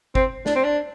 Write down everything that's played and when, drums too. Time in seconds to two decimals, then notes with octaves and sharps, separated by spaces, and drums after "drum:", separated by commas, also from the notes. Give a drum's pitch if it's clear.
0.15 C4, drum: kick
0.46 D4, drum: snare
0.56 C4
0.65 D4